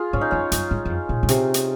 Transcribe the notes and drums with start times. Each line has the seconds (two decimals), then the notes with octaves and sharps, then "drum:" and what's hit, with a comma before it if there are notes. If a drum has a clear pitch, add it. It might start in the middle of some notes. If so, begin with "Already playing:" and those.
Already playing: F4 G#4
0.13 G#2 C#4
0.21 D#4
0.31 F2 C#4
0.52 F#2, drum: hi-hat
0.71 G#2
0.85 F#2
0.90 F2
1.09 A#2
1.23 A#2
1.28 C3, drum: hi-hat
1.54 drum: hi-hat